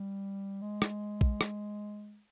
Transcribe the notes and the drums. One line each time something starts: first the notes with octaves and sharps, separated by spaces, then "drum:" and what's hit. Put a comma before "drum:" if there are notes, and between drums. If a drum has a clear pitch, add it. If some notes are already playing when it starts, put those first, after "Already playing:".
Already playing: G3
G#3
drum: rim click
drum: kick A#1
drum: rim click